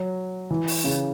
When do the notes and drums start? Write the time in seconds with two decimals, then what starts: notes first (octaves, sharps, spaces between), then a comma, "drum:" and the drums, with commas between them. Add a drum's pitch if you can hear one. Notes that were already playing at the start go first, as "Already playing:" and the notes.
Already playing: F#3
0.50 E3
0.68 drum: open hi-hat
0.84 C#3